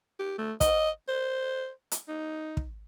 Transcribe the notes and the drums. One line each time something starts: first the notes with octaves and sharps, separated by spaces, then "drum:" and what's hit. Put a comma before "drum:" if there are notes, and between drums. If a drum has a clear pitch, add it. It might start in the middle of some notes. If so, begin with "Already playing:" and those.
G4
A3
D#5, drum: kick, hi-hat
C5
drum: hi-hat
D#4
drum: kick